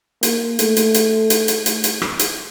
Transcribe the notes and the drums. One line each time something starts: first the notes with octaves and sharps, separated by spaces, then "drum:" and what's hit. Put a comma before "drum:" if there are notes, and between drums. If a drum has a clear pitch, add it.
A#3, drum: hi-hat
A3, drum: hi-hat
drum: hi-hat
drum: hi-hat
drum: hi-hat
drum: hi-hat
drum: hi-hat
drum: hi-hat
drum: rim click
drum: hi-hat